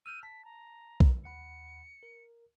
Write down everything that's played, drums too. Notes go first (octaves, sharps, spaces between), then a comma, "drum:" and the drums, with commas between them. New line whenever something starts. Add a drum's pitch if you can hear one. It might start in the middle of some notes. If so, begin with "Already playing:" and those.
E6 F6 G6 D#7
A5 B6
A#5
drum: kick B1
D#2 F#5 B5 C#7
A#4